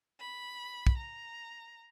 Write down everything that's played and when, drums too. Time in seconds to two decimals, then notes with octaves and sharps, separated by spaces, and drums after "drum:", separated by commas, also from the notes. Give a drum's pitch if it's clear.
0.20 B5
0.87 drum: kick
0.97 A#5